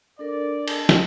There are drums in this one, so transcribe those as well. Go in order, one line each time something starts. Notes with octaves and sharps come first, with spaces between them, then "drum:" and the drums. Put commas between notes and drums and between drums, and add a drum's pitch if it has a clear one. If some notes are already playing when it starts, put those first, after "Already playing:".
D4 A4 A#4 D5
G#4 D#5 A5, drum: cymbal
drum: snare